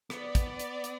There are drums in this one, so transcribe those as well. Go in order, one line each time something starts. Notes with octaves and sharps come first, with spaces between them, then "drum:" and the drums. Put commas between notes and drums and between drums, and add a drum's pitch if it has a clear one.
B3 D5, drum: rim click
drum: kick, hi-hat
D5
drum: hi-hat
drum: hi-hat